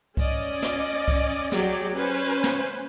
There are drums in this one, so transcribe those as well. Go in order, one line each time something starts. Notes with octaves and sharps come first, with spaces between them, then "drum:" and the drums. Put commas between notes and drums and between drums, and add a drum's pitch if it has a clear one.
C#4 D5 D#5, drum: kick C2, open hi-hat
drum: snare
drum: kick C2, open hi-hat
F#3 G4 G#4 D5, drum: snare
C#4 B4 C5
drum: snare